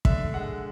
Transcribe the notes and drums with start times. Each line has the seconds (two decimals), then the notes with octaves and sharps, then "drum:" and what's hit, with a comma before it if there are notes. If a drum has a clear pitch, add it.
0.05 D3 E5, drum: kick
0.34 G#3 F#5